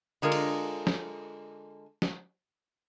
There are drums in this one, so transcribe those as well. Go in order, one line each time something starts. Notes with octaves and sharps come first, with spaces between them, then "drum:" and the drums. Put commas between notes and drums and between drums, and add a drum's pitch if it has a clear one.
D3 G#3 F4 A#4
drum: cymbal
drum: snare
drum: snare